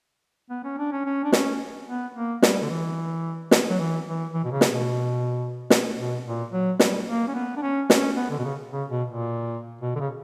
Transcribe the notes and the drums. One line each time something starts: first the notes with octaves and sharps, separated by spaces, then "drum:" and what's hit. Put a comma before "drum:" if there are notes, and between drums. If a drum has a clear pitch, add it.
B3
C#4
D4
C#4
C#4
D4
C#4, drum: snare
B3
A#3
G3, drum: snare
D3
E3
drum: snare
F#3
E3
E3
E3
B2
C#3
drum: snare
B2
drum: snare
B2
A#2
F#3
G3, drum: snare
A#3
C#4
B3
D4
C#4
C#4, drum: snare
B3
D3
B2
C#3
C#3
B2
A#2
B2
D3
C#3